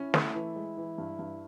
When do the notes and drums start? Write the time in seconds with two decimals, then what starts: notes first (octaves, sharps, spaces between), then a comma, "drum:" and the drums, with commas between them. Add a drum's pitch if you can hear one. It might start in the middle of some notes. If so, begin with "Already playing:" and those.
Already playing: C#4 E4
0.14 A3, drum: snare
0.35 E3
0.56 G#3
0.77 E3
0.98 G2
1.19 G2